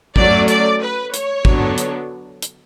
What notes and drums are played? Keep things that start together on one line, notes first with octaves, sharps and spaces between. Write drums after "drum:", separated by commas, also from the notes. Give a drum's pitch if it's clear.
F#3 A3 C#4 D5, drum: kick
D5, drum: hi-hat
B4
C#5, drum: hi-hat
D3 F#3 B3 D4, drum: kick
drum: hi-hat
drum: hi-hat